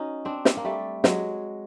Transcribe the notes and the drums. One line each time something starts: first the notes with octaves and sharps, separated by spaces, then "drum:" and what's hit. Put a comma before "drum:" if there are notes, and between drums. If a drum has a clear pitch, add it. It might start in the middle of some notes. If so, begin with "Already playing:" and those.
Already playing: C#4 D#4 F#4
C4 D4
drum: snare
A#3
G3 A3
F#3 G#3, drum: snare